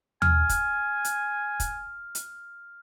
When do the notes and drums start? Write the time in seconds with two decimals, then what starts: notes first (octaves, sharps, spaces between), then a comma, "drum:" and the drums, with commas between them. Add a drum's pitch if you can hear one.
0.22 G#5 F6, drum: tom D#2
0.49 drum: kick, hi-hat
1.05 drum: hi-hat
1.60 drum: kick, hi-hat
2.15 drum: hi-hat